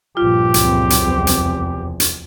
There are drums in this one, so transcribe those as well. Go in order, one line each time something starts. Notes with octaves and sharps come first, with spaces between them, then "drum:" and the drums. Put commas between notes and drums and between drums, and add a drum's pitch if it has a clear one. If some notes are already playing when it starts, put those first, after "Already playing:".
A#1 G2 F4 G4
C#2 F#2 C4, drum: hi-hat
drum: hi-hat
F1 E2
drum: hi-hat
drum: hi-hat